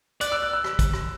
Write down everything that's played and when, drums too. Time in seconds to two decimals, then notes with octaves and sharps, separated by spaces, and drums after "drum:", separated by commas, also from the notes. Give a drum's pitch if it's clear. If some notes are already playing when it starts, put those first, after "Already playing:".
0.21 D5 F#6, drum: hi-hat
0.32 E6
0.42 F#6
0.53 E6
0.64 drum: rim click
0.79 drum: kick, hi-hat
0.93 drum: rim click